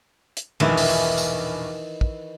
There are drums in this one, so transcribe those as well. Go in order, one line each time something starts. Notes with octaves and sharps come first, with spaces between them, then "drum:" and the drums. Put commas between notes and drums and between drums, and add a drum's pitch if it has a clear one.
drum: hi-hat
E1 A#1 G2 D#3 E3, drum: cymbal
drum: open hi-hat
drum: tambourine
drum: kick